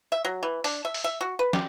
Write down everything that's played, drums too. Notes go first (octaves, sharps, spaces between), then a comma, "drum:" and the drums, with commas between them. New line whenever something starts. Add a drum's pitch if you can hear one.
E5
F#3
E3
D4, drum: open hi-hat
E5
drum: open hi-hat
E5
F#4
B4
G4, drum: snare